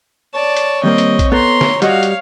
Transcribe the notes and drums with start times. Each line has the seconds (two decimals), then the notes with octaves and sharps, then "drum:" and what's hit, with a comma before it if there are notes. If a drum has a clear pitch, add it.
0.34 C#5 D5 A5
0.56 drum: hi-hat
0.84 D#2 G3 A#3 C4 D#5
0.98 drum: hi-hat
1.19 drum: kick A#1, hi-hat
1.32 B3 A4 A#5 C6
1.61 drum: snare
1.82 G3 F#4 C#5 D#5 F5, drum: hi-hat
2.03 drum: hi-hat